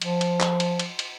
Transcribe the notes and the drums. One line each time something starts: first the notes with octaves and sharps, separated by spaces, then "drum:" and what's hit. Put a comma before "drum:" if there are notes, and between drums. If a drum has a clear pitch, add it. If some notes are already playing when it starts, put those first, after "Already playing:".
F3, drum: cymbal
drum: cymbal
drum: clap
drum: cymbal
drum: cymbal
drum: cymbal